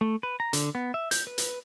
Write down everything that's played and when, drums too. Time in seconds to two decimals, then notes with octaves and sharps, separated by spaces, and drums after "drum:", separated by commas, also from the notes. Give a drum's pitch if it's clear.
0.01 A3
0.23 B4
0.40 A#5
0.53 D3, drum: hi-hat
0.75 B3
0.94 E5
1.11 G6, drum: hi-hat
1.27 B4
1.38 drum: hi-hat